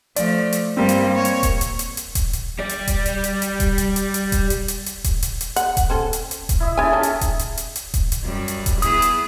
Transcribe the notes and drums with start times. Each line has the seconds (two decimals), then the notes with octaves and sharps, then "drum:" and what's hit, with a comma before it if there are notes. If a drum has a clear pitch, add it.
0.16 F3 A3 D5, drum: hi-hat
0.53 drum: hi-hat
0.77 G2 G3 A#3 C4
0.89 drum: hi-hat
1.16 C#5
1.25 drum: hi-hat
1.43 drum: kick D#1, hi-hat
1.61 drum: hi-hat
1.79 drum: hi-hat
1.97 drum: hi-hat
2.15 drum: kick D#1, hi-hat
2.33 drum: hi-hat
2.59 G3 D5
2.69 drum: hi-hat
2.88 drum: kick D#1, hi-hat
3.06 drum: hi-hat
3.24 drum: hi-hat
3.42 drum: hi-hat
3.60 drum: kick D#1, hi-hat
3.78 drum: hi-hat
3.96 drum: hi-hat
4.14 drum: hi-hat
4.32 drum: kick D#1, hi-hat
4.50 drum: hi-hat
4.68 drum: hi-hat
4.86 drum: hi-hat
5.04 drum: kick D#1, hi-hat
5.23 drum: hi-hat
5.41 drum: hi-hat
5.56 F#5, drum: hi-hat
5.77 drum: kick D#1, hi-hat
5.90 C4 C#4 A4
6.13 drum: hi-hat
6.31 drum: hi-hat
6.49 drum: kick D#1, hi-hat
6.60 E4 D#5 E5
6.77 C#4 E4 G#4 A4 G#5
6.93 D#3 C#4 G4
7.03 drum: hi-hat
7.21 drum: kick D#1, hi-hat
7.39 drum: hi-hat
7.57 drum: hi-hat
7.76 drum: hi-hat
7.94 drum: kick D#1, hi-hat
8.12 drum: hi-hat
8.23 F#2 G3
8.48 drum: hi-hat
8.66 drum: kick D#1, hi-hat
8.82 B3 E4 G#4 D#6, drum: hi-hat
9.02 drum: hi-hat